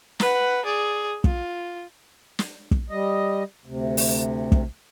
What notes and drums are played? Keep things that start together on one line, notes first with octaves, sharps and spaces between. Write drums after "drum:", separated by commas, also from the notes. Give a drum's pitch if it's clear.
B4 F#5, drum: snare
G#4 D5
F4, drum: kick
drum: snare
drum: kick
G3 D#5
D2 C3
drum: open hi-hat
drum: kick